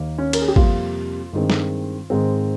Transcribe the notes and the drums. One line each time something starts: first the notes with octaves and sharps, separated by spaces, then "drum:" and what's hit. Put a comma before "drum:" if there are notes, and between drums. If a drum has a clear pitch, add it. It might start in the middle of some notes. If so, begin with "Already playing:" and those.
Already playing: D#2 D#3 A#3
C#4
A#4, drum: cymbal
G#4
G4
F2 C3 G3 A#3 F4, drum: kick
G2 D#3 G#3 C4
drum: snare
G#2 D#3 G#3 C4